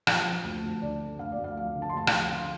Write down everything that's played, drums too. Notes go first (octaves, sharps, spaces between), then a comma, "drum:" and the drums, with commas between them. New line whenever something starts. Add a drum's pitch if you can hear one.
F3 A5, drum: rim click
F3
D2
D2
D3 D5
D3
D2 F5
D5
D2
F5
F3 F5
D3
A5
C6
D2 A5
A5, drum: rim click
F3
D3 F5